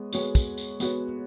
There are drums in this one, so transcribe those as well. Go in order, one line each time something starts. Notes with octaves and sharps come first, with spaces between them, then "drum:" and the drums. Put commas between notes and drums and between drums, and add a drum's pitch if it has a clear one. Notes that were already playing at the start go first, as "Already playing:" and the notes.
Already playing: G#3 B3 C#5
G#3 B3 F#4 C#5, drum: tambourine
drum: kick, tambourine
drum: tambourine
G#3 B3 F#4 C#5, drum: tambourine